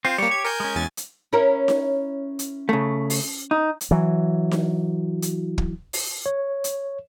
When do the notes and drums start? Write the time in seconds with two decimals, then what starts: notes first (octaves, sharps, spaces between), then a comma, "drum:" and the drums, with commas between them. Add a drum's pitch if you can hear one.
0.05 C4 F4 C5
0.18 G3 A#3 G4 C#5
0.31 G#6
0.45 A#4 G#5 G6
0.60 G#3 C#4
0.75 E2 G#5 A6
0.97 drum: hi-hat
1.33 C#4 E4 A#4
1.68 drum: snare D#4
2.39 drum: hi-hat
2.69 C#3 A3
3.10 drum: open hi-hat
3.51 D#4
3.81 drum: hi-hat
3.91 E3 F#3
4.51 drum: snare D#4
5.22 drum: hi-hat
5.58 drum: kick
5.93 drum: open hi-hat
6.26 C#5
6.64 drum: hi-hat